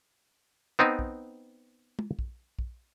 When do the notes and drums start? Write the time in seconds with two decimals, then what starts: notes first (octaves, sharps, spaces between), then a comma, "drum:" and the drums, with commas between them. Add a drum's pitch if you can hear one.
0.79 B3 C4 D#4
0.99 drum: kick
1.99 drum: tom
2.19 drum: kick
2.59 drum: kick